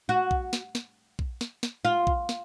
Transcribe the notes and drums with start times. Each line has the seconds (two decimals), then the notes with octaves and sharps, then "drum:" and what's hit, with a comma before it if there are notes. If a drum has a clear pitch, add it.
0.09 F#4
0.31 drum: kick A#1
0.53 drum: snare
0.75 drum: snare
1.19 drum: kick A#1
1.41 drum: snare
1.63 drum: snare
1.85 F4
2.07 drum: kick A#1
2.29 drum: snare